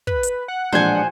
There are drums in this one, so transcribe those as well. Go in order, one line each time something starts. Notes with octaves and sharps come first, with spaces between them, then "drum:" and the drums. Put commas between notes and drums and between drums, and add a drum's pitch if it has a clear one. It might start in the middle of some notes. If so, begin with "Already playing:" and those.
B4, drum: kick
drum: hi-hat
F#5
A1 A#2 F3 G#3 D4 C5 G#5